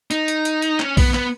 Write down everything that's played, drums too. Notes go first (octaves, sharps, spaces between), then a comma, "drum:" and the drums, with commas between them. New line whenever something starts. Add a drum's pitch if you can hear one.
D#4, drum: hi-hat
drum: hi-hat
drum: hi-hat
drum: hi-hat
C#4, drum: clap
B3, drum: kick A#1, open hi-hat
B3, drum: clap